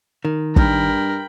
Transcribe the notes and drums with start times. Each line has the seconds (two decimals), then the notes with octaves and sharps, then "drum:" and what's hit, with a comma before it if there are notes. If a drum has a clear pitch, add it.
0.25 D#3
0.56 G2 A#4 G5 B5, drum: kick